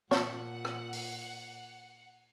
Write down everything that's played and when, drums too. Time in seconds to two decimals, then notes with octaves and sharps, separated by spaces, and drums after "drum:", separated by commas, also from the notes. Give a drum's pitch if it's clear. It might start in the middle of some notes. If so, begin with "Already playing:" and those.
0.11 A#2 F#5 A5 C#6, drum: snare
0.65 drum: rim click
0.93 drum: open hi-hat